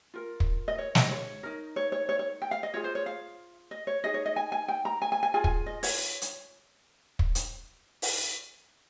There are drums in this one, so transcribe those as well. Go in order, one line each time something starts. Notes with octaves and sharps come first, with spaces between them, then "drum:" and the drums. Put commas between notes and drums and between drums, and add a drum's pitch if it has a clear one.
F4 A#4
drum: kick
D#5
C#5
D#5, drum: snare
C#5
D#4 A#4
C#5
C#5
C#5
C#5
G5
F5
D#5
F4 G#4 C#5
C5
C#5
F5
D#5
C#5
D#4 G#4 D#5
C#5
D#5
G#5
G#5
G5
A#5
G#5
G#5
G#5
F4 G#4 G#5
G#5, drum: kick
D#5
C#5, drum: open hi-hat
drum: hi-hat
drum: kick
drum: hi-hat
drum: open hi-hat